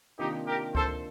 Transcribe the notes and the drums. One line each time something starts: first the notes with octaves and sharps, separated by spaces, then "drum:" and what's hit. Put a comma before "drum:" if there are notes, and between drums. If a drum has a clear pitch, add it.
C3 D#3 A#3 D4 D#4 F4 G4
G4 A#4
A4 C5, drum: kick C#2